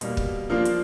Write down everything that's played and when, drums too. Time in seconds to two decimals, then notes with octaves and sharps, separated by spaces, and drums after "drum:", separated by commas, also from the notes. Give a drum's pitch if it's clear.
0.01 B2 G3 A#3, drum: hi-hat
0.17 drum: kick
0.50 F3 A#3 D4 F4
0.65 drum: hi-hat